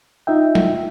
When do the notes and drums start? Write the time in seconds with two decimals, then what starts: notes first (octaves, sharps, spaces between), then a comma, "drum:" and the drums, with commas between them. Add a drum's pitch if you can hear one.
0.27 D#4 F4 E5 G5
0.55 drum: tom